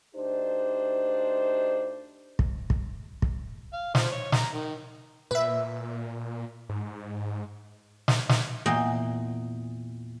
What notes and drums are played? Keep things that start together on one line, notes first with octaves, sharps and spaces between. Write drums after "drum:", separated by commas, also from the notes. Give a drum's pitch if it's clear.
D2 D4 D#4 G4 C5
drum: kick
drum: kick
drum: kick
F5
F3, drum: snare
C#5
A#5, drum: snare
D#3
A#2 B4 E5
G#2
drum: snare
drum: snare
E2 A#2 D#5 G5